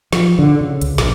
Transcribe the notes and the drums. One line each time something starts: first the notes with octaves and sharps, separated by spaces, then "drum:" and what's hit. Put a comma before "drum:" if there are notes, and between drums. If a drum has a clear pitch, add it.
F3, drum: snare
D3
C#3
C#2, drum: hi-hat
A#1, drum: snare